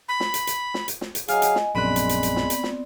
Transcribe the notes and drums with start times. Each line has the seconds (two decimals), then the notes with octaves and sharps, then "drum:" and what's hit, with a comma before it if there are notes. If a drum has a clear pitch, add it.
0.09 B5
0.20 drum: snare
0.34 drum: hi-hat
0.47 drum: hi-hat
0.74 drum: snare
0.88 drum: hi-hat
1.01 drum: snare
1.15 drum: hi-hat
1.28 F#3 G#4 D#5 F5 G#5, drum: hi-hat
1.42 drum: hi-hat
1.55 drum: snare
1.75 A#1 F#2 G#3 B3 C4 D5 B5 F#6
1.96 drum: hi-hat
2.09 drum: hi-hat
2.23 drum: hi-hat
2.36 drum: snare
2.50 drum: hi-hat
2.63 drum: snare